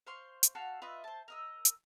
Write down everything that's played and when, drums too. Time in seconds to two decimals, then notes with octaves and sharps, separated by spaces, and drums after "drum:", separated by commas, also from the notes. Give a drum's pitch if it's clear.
0.07 C5 F5 C6 C#6
0.43 drum: hi-hat
0.55 F#4 A4 F5
0.82 F4 B4 D#5 E5
1.04 C5 A5
1.28 A#4 D#5 E6
1.65 drum: hi-hat